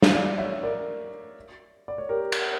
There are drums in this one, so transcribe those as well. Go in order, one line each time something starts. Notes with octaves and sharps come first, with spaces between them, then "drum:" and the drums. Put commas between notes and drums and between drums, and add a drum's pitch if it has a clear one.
drum: snare
D5 F5
C#5 E5
A#4 D5
D5
C#5
G4 A#4
drum: cymbal